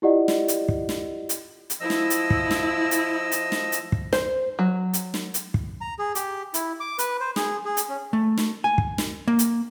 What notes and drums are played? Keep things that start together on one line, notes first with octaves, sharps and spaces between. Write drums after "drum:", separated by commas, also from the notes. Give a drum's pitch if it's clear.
E4 F4 G4 D5 D#5 F#5
drum: snare
drum: hi-hat
drum: kick
drum: snare
drum: hi-hat
drum: hi-hat
F3 E4 D#5 E6
drum: snare
drum: hi-hat
drum: kick
drum: snare
drum: hi-hat
drum: hi-hat
drum: snare
drum: hi-hat
drum: kick
C5, drum: snare
F#3
drum: hi-hat
drum: snare
drum: hi-hat
drum: kick
A#5
G#4
G4, drum: hi-hat
E4, drum: hi-hat
D6
B4, drum: hi-hat
C5
G#4, drum: snare
G#4
drum: hi-hat
C#4
A3
drum: snare
G#5
drum: kick
drum: snare
A#3
drum: hi-hat